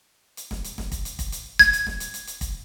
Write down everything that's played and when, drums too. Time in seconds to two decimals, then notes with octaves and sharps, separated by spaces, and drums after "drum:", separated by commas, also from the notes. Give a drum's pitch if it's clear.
0.37 drum: hi-hat
0.51 drum: snare
0.64 drum: hi-hat
0.78 drum: snare
0.92 drum: kick, hi-hat
1.05 drum: hi-hat
1.19 drum: kick, hi-hat
1.32 drum: hi-hat
1.59 G#6, drum: kick, hi-hat
1.73 drum: hi-hat
1.87 drum: snare
2.00 drum: hi-hat
2.14 drum: hi-hat
2.27 drum: hi-hat
2.41 drum: kick, hi-hat